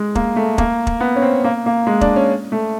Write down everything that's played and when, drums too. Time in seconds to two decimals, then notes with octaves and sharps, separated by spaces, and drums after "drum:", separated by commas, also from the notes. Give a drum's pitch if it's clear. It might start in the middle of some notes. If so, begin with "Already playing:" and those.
Already playing: G#3
0.15 A#3, drum: kick
0.36 A3
0.58 A#3, drum: kick
0.87 drum: kick
1.00 B3
1.16 C#4
1.22 C4
1.44 A#3
1.66 A#3
1.87 G#3
2.01 D4, drum: kick
2.16 C#4
2.52 A3